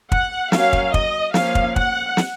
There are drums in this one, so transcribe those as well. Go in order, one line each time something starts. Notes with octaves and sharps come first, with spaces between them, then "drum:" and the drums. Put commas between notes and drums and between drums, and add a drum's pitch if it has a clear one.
F#5, drum: kick
F#3 A#3 C#4 F5, drum: snare
drum: kick
D#5, drum: kick
F3 A#3 C#4 F5, drum: snare
drum: kick
F#5, drum: kick
drum: snare